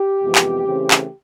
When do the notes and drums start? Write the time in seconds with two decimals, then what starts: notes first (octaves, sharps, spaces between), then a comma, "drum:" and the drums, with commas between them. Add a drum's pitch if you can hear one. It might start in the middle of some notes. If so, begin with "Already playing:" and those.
Already playing: G4
0.21 F2 C3 E3 G#3 B3
0.35 drum: clap
0.64 C#3 E3 A3 C4
0.91 drum: clap